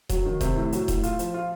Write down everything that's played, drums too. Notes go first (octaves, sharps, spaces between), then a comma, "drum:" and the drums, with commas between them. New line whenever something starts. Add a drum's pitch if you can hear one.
F#3, drum: kick D#1, hi-hat
D#3
C3, drum: kick D#1, hi-hat
A2
F#3, drum: hi-hat
A2, drum: kick D#1, hi-hat
F4, drum: hi-hat
F3, drum: hi-hat
F4